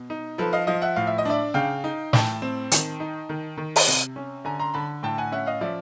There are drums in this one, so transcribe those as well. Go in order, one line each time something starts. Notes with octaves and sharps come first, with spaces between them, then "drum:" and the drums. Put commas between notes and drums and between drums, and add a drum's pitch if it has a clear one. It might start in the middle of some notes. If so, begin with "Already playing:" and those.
Already playing: B2
D#4
F3 A4 B4
D#5 F5
F3 D#5 F5
E5 F#5
A2 F5
E5
D#5
D4 D5 E5
C#3 F5 G5
D#4
A2 G5 A5, drum: snare
C4
D#3, drum: hi-hat
D#4
D#3
D#3
drum: open hi-hat
C3
C#4
D3 G#5 A#5
A#5 C6
D3 A5 B5
A2 G5 A5
F#5 G#5
C#4 E5 F#5
D#5 F5
F3 D5 E5